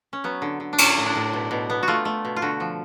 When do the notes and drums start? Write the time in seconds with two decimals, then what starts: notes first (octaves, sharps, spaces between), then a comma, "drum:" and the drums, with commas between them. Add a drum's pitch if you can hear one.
0.13 C#4
0.24 F#3 B3
0.42 D3
0.60 D3
0.73 D4
0.78 A2 C#4, drum: cymbal
0.97 A2
1.06 D4
1.15 A2
1.33 B2
1.51 B2
1.70 B3
1.83 F#4
1.88 A3 F4
2.05 A3
2.25 B2
2.36 F4
2.42 D3 F#4
2.60 F3